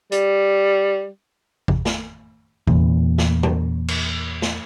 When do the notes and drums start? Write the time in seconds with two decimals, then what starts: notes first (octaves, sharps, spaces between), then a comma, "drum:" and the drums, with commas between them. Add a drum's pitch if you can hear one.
0.12 G3, drum: hi-hat
1.68 drum: kick
1.85 drum: snare
2.67 E2 A#2, drum: kick
3.18 drum: snare
3.43 drum: tom
3.88 drum: cymbal
4.42 drum: snare